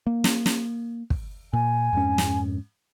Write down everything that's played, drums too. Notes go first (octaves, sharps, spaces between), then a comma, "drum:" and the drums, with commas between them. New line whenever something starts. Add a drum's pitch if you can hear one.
A#3
drum: snare
drum: snare
drum: kick
A#2 G#5
F2 G#2 C#4
drum: snare